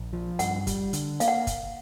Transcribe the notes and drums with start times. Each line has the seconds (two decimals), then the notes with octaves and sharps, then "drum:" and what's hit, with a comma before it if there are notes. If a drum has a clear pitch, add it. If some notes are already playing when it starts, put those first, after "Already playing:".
Already playing: A#1
0.13 F3
0.39 G2 F#5, drum: hi-hat
0.67 G3, drum: kick, hi-hat
0.93 D3, drum: hi-hat
1.20 A#3 F5, drum: hi-hat
1.28 F#5
1.47 drum: kick, hi-hat